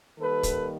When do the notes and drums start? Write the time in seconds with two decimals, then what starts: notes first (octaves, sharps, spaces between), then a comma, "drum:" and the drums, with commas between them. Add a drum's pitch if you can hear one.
0.19 D#3 G3 A#3 A4 B4
0.43 drum: kick, hi-hat